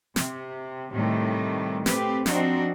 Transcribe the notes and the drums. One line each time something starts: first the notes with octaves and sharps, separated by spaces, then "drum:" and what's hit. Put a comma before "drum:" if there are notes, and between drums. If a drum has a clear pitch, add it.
C3, drum: snare
A2 C3 D#3 G3 A3
A3 C4 G4 B4, drum: snare
F3 C4 D4 D#4 F#4, drum: snare